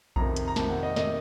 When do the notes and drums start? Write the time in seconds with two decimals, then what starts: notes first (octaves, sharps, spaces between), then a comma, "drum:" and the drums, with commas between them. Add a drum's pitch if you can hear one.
0.16 F2 C3 D#3 A#5, drum: kick A#1
0.36 drum: hi-hat
0.48 A#5
0.56 F2 C3 D#3 A5, drum: snare
0.69 F#5
0.83 D#5
0.96 C3 D#3 D#5, drum: snare